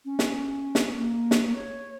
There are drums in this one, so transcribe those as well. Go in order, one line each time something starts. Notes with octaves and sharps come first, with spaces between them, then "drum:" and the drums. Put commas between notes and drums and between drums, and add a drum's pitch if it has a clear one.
C#4
drum: snare
drum: snare
A#3
drum: snare
C#5